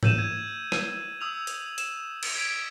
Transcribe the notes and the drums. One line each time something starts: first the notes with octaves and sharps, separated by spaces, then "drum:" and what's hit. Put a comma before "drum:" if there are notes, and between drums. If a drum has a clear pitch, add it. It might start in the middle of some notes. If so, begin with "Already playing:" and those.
E6 G6 D#7 E7, drum: tom G#2
G#6
drum: rim click
D#6 E6 F7
drum: hi-hat
E7, drum: hi-hat
drum: cymbal
G#6 B6 D7